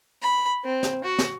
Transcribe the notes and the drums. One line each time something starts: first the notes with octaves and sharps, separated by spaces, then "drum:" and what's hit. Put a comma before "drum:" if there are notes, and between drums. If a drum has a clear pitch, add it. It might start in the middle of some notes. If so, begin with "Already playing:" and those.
B5
C4
drum: snare
F#4
drum: snare